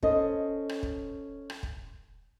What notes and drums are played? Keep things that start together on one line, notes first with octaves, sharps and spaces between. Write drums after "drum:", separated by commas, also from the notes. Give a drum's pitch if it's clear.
C#4 A4 C5 D#5, drum: kick
drum: rim click
drum: kick
drum: rim click
drum: kick